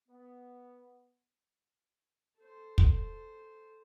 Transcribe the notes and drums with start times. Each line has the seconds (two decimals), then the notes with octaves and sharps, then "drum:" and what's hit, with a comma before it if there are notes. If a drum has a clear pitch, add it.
0.09 B3
2.40 A4 C5
2.78 drum: kick